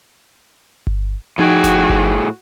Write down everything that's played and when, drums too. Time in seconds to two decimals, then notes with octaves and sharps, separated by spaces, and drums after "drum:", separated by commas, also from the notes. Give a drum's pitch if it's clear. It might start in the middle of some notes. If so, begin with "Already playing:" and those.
0.87 drum: kick G1
1.38 A2 F3 D#4 F#4 G#4 G5 G#6
1.64 drum: snare F#1
1.89 drum: kick G1